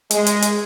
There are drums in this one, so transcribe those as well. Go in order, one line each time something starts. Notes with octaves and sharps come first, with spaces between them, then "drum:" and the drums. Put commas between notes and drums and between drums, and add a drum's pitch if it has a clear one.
G#3, drum: hi-hat
drum: hi-hat
drum: hi-hat